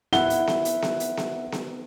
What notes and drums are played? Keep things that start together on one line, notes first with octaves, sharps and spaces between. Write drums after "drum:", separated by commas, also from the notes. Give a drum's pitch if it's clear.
E4 E5 F#5 G7, drum: snare B3
drum: hi-hat
drum: snare B3
drum: hi-hat
drum: snare B3
drum: hi-hat
drum: snare B3
drum: snare B3